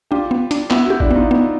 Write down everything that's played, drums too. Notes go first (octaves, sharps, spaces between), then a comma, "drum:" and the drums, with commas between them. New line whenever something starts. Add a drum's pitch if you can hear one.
D4 F4 G4
B3
D4, drum: hi-hat
B3 E4 F#4, drum: clap
E4 F#4 G4
D4 E4, drum: kick A1
B3 D#4 F4
B3